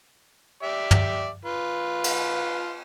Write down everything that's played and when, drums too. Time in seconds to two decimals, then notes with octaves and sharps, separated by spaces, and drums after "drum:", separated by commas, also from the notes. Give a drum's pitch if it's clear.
0.63 G4 D5 E5
0.91 drum: tom
1.45 F4 B4
2.04 drum: cymbal